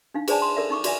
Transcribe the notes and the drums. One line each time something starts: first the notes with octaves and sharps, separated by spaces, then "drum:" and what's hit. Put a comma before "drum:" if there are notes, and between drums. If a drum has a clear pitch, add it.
D4 D#4 F5
G#4 B4 C5 D5 G#5 A5, drum: cymbal
C6
A4 A#4 D5 E5
D#4 C#6 D6
F#4 D5 E5 G#5, drum: cymbal